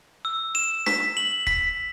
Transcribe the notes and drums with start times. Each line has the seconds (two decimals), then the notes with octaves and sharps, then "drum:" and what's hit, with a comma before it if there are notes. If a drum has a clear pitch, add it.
0.25 E6
0.55 E7
0.86 B6, drum: snare D4
1.17 F#7
1.47 B6, drum: kick